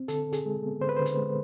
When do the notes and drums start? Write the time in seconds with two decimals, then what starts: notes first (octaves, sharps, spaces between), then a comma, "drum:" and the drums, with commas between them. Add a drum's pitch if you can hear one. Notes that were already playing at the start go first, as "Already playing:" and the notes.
Already playing: C4
0.08 D3 A4, drum: hi-hat
0.27 D3
0.33 G#4, drum: hi-hat
0.46 G#3
0.63 B3
0.81 D3 C5
0.89 B4
0.96 D3 C5
1.06 drum: hi-hat
1.17 G#3